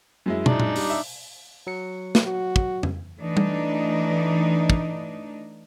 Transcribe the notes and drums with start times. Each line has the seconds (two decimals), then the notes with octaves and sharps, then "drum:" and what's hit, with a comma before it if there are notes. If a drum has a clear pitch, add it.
0.26 F#2 G#3 E4
0.46 D4 D#4, drum: tom
0.60 drum: tom A#2
0.76 G3, drum: open hi-hat
0.90 E5
1.67 F#3 C#7
2.15 drum: snare
2.25 F#4
2.56 drum: kick
2.83 drum: tom F2
3.21 E3 A3 D4 D#4
3.37 drum: tom G3
4.70 drum: kick